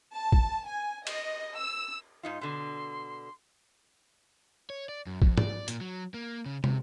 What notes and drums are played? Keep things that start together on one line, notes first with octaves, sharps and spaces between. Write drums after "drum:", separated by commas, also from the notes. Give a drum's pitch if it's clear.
A5
drum: kick
G#5
D#5, drum: cymbal
E6
G#2 D#4 F4
B2 D3 C6
C#5
D5
F#2
F2, drum: kick
D5, drum: tom G#2
A#2, drum: hi-hat
F#3
A#3
C#3
C3, drum: tom